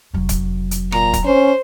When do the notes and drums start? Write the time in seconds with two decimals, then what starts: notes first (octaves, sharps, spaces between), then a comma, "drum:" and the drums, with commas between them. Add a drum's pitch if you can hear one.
0.14 F1 F#3
0.29 drum: kick, hi-hat
0.71 drum: hi-hat
0.92 A#2 A#5, drum: rim click
1.13 drum: kick, hi-hat
1.24 C#4 C5